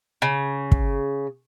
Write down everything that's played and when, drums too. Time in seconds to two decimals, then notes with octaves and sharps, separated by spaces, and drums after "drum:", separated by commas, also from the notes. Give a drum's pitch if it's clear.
0.22 C#3
0.72 drum: kick